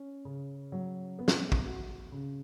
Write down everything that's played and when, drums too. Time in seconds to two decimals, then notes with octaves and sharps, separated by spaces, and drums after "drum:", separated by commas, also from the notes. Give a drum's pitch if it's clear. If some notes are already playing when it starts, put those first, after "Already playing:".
Already playing: C#4
0.25 C#3
0.72 F#3
1.19 B3
1.28 drum: snare
1.52 drum: kick
1.66 F#4
2.12 C#3